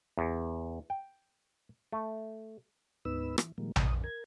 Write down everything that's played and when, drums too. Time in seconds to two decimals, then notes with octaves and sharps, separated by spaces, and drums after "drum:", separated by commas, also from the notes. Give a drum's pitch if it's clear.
0.18 E2
0.90 G5
1.93 A3
3.05 D2 G#2 B3 D#4 B4 E6
3.38 E3, drum: rim click
3.58 A#2 D#3 F3 G3 G#3 A#3
3.76 F2 D#6, drum: tom A#1
4.04 A#4 G#6